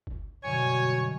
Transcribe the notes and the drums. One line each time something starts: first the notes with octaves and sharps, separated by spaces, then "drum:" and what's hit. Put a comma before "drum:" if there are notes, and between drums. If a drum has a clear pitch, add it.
drum: kick G1
G1 F#2 B2 D3 C#5 G#5